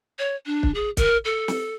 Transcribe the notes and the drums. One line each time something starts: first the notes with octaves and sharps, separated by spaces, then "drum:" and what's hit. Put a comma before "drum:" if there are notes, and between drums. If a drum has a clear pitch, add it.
C#5
D4
drum: kick
G#4
A#4, drum: kick, hi-hat
A4
drum: snare